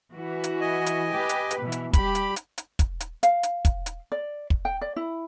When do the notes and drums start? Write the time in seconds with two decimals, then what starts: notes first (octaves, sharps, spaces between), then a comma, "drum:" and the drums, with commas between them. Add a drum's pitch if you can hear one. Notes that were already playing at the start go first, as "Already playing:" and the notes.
0.14 E3 F#4
0.44 drum: hi-hat
0.61 D#5 G#5
0.86 drum: hi-hat
1.11 G4 B4
1.29 drum: hi-hat
1.51 drum: hi-hat
1.62 B2 E3
1.72 drum: hi-hat
1.93 G3 G4 B5, drum: kick, hi-hat
2.15 drum: hi-hat
2.36 drum: hi-hat
2.58 drum: hi-hat
2.79 drum: kick, hi-hat
3.00 drum: hi-hat
3.23 F5, drum: hi-hat
3.43 drum: hi-hat
3.65 drum: kick, hi-hat
3.86 drum: hi-hat
4.12 D5
4.50 drum: kick
4.65 G5
4.81 D5
4.96 E4